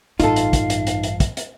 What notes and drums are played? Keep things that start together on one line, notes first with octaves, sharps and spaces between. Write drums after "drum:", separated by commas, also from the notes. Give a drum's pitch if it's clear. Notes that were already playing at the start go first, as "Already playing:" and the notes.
A1 G2 D#4 F4 A4 F5, drum: hi-hat
drum: hi-hat
drum: kick, hi-hat
drum: hi-hat
drum: hi-hat
drum: hi-hat
drum: kick, hi-hat
drum: hi-hat